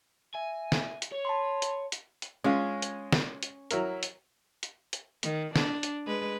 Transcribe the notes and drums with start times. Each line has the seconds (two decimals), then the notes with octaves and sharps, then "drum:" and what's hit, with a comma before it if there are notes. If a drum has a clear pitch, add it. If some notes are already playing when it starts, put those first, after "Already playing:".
0.35 E5 G#5
0.72 drum: snare
1.02 drum: hi-hat
1.12 C#5
1.25 A5 B5 C6
1.62 drum: hi-hat
1.92 drum: hi-hat
2.22 drum: hi-hat
2.44 G#3 C#4 F4
2.82 drum: hi-hat
3.12 drum: snare
3.43 drum: hi-hat
3.71 F#3 E4 A#4, drum: hi-hat
4.03 drum: hi-hat
4.63 drum: hi-hat
4.93 drum: hi-hat
5.23 D#3, drum: hi-hat
5.56 D4, drum: snare
5.83 drum: hi-hat
6.07 G#3 B4